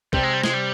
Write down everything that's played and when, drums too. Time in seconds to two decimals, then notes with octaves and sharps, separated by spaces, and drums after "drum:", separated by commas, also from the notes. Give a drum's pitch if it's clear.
0.13 C3 G3 C4, drum: kick
0.23 G#3
0.34 G3
0.44 G#3, drum: snare
0.54 G3